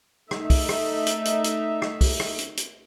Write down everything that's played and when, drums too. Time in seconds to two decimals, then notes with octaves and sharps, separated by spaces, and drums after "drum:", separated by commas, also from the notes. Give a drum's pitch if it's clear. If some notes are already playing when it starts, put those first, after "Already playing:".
0.31 A3 D#4 E5, drum: rim click
0.50 drum: kick, open hi-hat
0.69 drum: rim click
1.07 drum: hi-hat
1.25 drum: hi-hat
1.44 drum: hi-hat
1.82 drum: rim click
2.01 drum: kick, open hi-hat
2.20 drum: rim click
2.39 drum: hi-hat
2.57 drum: hi-hat